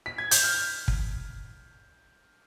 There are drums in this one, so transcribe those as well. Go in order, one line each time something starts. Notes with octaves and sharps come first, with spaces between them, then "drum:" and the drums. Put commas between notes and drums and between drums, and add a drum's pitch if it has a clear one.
B6
G#6
G6, drum: hi-hat
F6
drum: kick